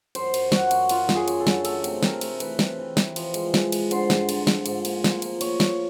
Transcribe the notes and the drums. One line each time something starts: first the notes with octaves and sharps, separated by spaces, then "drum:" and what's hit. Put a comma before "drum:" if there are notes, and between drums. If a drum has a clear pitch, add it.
F#2 C5, drum: cymbal
F#2, drum: cymbal
F#2 F#4, drum: snare
F#2, drum: cymbal
F#2 F4, drum: cymbal
F#2, drum: snare
G#4
F#2, drum: cymbal
A4
D3, drum: snare
A3 A4, drum: cymbal
C3, drum: cymbal
C3 A#4, drum: snare
A3, drum: cymbal
E3 B4, drum: cymbal
C3, drum: snare
E3
E3, drum: snare
F3, drum: cymbal
G#3, drum: cymbal
G#3, drum: snare
G#3, drum: cymbal
D3 C5, drum: cymbal
G2, drum: snare
D3, drum: cymbal
F3, drum: snare
G#2, drum: cymbal
A#3, drum: cymbal
A#3, drum: snare
F3, drum: cymbal
A#3 C#5, drum: cymbal
A#3, drum: snare